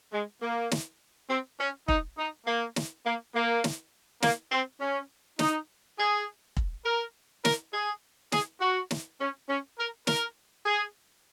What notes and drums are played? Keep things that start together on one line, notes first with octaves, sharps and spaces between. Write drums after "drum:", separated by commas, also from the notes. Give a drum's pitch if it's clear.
G#3
A#3
drum: snare
C4
C#4
D#4, drum: kick
D#4
A#3
drum: snare
A#3
A#3
drum: snare
A#3, drum: snare
C4
C#4
D#4, drum: snare
G#4
drum: kick
A#4
A#4, drum: snare
G#4
G#4, drum: snare
F#4
drum: snare
C#4
C#4
A#4
A#4, drum: snare
G#4